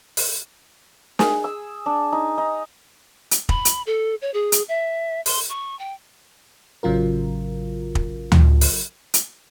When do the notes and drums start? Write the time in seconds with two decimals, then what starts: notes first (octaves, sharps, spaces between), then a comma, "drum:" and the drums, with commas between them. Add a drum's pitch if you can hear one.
0.17 drum: open hi-hat
1.19 G#4, drum: snare
1.44 E6
1.86 D4
2.13 D#4
2.38 D#4
3.31 drum: hi-hat
3.49 B5, drum: kick
3.65 drum: hi-hat
3.86 A4
4.22 C#5
4.34 G#4
4.52 drum: hi-hat
4.68 E5
5.26 C6, drum: open hi-hat
5.49 C#6
5.79 G5
6.83 A1 C#3 F#3 F4 A#4
7.95 drum: kick
8.32 drum: tom D2
8.61 drum: open hi-hat
9.14 drum: hi-hat